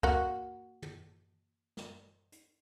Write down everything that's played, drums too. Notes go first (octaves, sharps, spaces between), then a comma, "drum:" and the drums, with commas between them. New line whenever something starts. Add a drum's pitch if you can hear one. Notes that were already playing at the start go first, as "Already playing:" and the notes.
A#3 F#4, drum: kick
drum: tom
drum: snare
drum: hi-hat